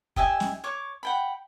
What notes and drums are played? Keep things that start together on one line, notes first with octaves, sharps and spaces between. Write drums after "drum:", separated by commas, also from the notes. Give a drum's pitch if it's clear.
G4 D#5 E5 G#5, drum: kick
drum: snare
C#5 C#6 D6
F#5 G5 B5